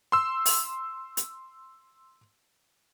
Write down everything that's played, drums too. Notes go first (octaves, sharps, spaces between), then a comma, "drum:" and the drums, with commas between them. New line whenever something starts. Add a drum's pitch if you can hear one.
C6 E6
drum: open hi-hat
drum: hi-hat